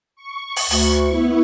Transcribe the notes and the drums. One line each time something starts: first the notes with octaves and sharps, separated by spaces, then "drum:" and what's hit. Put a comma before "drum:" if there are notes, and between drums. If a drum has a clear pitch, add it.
C#6
drum: open hi-hat
D2, drum: open hi-hat
B3 E4